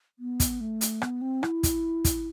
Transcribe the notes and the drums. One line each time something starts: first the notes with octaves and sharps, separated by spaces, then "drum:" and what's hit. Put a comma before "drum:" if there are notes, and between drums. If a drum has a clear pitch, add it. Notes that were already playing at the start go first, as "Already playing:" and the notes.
B3
drum: kick, hi-hat
A3
drum: hi-hat
B3, drum: rim click
C4
E4, drum: rim click
drum: kick, hi-hat
drum: kick, hi-hat